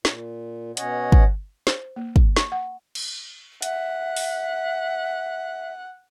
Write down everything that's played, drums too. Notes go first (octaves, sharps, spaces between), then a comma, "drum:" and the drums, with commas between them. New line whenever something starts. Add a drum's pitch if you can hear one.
A#2, drum: snare
B2 C#4 C#5 D#5 F#5, drum: hi-hat
drum: kick
C5, drum: snare
A#3
drum: kick
C#6, drum: snare
F#5
drum: cymbal
E5 F#5, drum: hi-hat
drum: open hi-hat